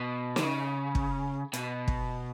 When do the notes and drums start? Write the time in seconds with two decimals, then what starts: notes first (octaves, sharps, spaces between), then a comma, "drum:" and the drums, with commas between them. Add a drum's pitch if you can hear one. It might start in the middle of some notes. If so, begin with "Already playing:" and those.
Already playing: B2
0.36 D3, drum: snare
0.43 C#3
0.95 drum: kick
1.53 B2, drum: hi-hat
1.88 drum: kick